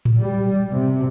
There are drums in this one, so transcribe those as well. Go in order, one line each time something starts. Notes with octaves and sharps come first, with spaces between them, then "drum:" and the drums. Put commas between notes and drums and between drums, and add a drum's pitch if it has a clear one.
drum: tom A2
G3
C3